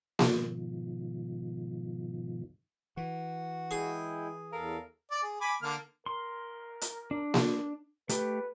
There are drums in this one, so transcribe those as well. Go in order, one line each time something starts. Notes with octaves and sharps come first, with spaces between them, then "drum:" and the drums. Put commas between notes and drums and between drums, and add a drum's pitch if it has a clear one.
G#2 B2 D#3 F3, drum: snare A#3
E3 F#4
G#3 E4 G#4 G5
E2 A4 A#4 F5
D5
G#4
G#5 B5 D6
D3 A#3 F6
A#4 C6
drum: hi-hat
D4
drum: snare A#3
A3 G4 B4, drum: hi-hat